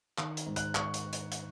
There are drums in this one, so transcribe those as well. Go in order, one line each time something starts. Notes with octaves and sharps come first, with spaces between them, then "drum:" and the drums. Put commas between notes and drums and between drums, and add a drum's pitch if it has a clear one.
D#3, drum: clap
drum: hi-hat
G#2
F#6, drum: hi-hat
D#3 C#6, drum: clap
drum: hi-hat
drum: hi-hat
drum: hi-hat